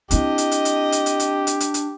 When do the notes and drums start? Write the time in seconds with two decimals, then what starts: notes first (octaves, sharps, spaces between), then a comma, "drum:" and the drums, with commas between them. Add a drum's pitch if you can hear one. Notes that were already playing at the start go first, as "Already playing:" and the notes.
0.11 C4 D4 E4 G4 D#5, drum: hi-hat
0.38 drum: hi-hat
0.52 drum: hi-hat
0.65 drum: hi-hat
0.92 drum: hi-hat
1.06 drum: hi-hat
1.20 drum: hi-hat
1.47 drum: hi-hat
1.60 drum: hi-hat
1.74 drum: hi-hat